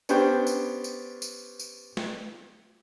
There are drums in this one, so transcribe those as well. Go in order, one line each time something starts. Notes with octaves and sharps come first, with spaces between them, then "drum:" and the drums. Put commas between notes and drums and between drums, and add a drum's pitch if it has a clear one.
B3 C#4 D4 G4 C5 G5, drum: tambourine
drum: tambourine
drum: tambourine
drum: tambourine
drum: tambourine
drum: snare